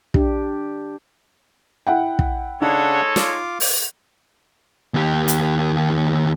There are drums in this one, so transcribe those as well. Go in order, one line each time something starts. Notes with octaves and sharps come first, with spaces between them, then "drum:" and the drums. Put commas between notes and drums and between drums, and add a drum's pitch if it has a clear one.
D4 G4, drum: kick
E4 F#5 G5
drum: kick
C#3 G#3 D4 D#4 A4 C#5 F#5
F4 F5 D6, drum: snare
drum: open hi-hat
D#2 G4
drum: hi-hat